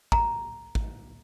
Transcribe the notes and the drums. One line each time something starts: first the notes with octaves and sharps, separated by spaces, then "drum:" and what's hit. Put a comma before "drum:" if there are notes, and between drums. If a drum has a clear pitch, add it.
A#5, drum: kick
drum: kick